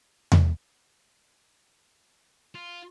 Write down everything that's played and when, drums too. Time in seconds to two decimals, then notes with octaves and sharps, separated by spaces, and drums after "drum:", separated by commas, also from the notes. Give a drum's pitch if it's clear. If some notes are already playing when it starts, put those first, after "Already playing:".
0.32 drum: tom E2
2.55 F4